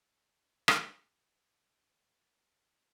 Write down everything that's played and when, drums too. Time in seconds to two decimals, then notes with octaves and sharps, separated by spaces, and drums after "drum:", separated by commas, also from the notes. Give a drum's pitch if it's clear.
0.68 drum: rim click
0.93 A2 F3 C6
1.94 C#4
2.49 C2 G4
2.75 G#3